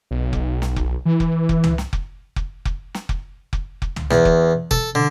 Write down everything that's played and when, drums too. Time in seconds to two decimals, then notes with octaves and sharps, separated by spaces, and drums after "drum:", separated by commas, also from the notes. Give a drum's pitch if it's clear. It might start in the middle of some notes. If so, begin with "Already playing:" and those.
0.11 B1
0.33 drum: kick F1
0.62 drum: snare
0.76 drum: kick F1
1.05 E3
1.20 drum: kick F1
1.49 drum: kick F1
1.64 drum: tom
1.78 drum: snare
1.93 drum: kick F1
2.36 drum: kick F1
2.65 drum: kick F1
2.94 drum: snare
3.09 drum: kick F1
3.53 drum: kick F1
3.82 drum: kick F1
3.96 drum: tom
4.11 E2, drum: snare
4.25 drum: kick F1
4.71 A4, drum: kick F1
4.95 D3